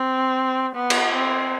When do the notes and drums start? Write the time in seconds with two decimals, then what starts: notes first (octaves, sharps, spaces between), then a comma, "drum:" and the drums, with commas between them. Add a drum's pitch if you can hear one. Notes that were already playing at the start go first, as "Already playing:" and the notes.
Already playing: C4
0.76 B3
0.90 drum: cymbal
1.13 C4